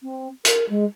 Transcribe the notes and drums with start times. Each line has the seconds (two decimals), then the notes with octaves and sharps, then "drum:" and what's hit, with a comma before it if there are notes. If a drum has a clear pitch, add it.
0.01 C4
0.45 A#4, drum: hi-hat
0.68 G#3